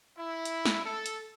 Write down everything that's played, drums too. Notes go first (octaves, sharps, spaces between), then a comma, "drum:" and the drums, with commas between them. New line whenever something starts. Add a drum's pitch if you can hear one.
E4
drum: hi-hat
drum: snare
A4
drum: hi-hat